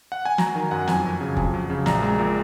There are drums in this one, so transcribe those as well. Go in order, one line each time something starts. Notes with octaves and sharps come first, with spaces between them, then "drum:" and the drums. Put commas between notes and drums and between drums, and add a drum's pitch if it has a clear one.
F#5
G#5
F#3 A#5, drum: snare
D#3 G#5
F#2 F#5
F2 G#5, drum: snare
F#3
C#3
F2, drum: kick F1
F#3
C#3
A#1 A#5, drum: snare
G#3
A#2